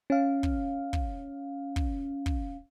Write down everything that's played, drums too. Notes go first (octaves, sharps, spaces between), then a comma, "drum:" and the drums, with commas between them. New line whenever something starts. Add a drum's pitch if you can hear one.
C#4 F5
drum: kick
drum: kick
drum: kick
drum: kick